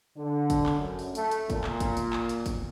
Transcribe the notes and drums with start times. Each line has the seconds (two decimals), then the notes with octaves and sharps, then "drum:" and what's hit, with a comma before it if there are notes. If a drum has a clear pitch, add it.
0.17 D3
0.50 drum: kick, hi-hat
0.66 drum: clap
0.79 F#2
0.99 drum: open hi-hat
1.15 A3, drum: hi-hat
1.31 drum: hi-hat
1.50 A#2, drum: kick, hi-hat
1.64 drum: clap
1.80 drum: kick, hi-hat
1.97 drum: hi-hat
2.13 drum: clap
2.29 drum: hi-hat
2.46 drum: kick, hi-hat